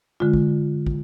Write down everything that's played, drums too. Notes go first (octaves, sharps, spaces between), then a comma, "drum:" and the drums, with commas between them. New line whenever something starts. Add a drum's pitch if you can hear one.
D3 G#3 F4
drum: kick
drum: kick